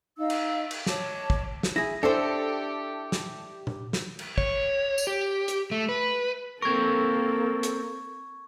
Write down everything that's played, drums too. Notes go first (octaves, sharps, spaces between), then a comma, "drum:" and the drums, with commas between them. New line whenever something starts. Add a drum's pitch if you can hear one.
D#4 F5 E6
drum: cymbal
drum: cymbal
C#5 D#5 A5 D6, drum: snare
drum: kick
drum: snare
E4 G#4 A#6
D4 E4 G4 A4 C5
drum: snare
drum: tom A#2
drum: snare
drum: cymbal
C#5, drum: kick
drum: tambourine
G4
drum: hi-hat
A3
B4
A#3 C4 A4 A#4 C#6 G#6
drum: hi-hat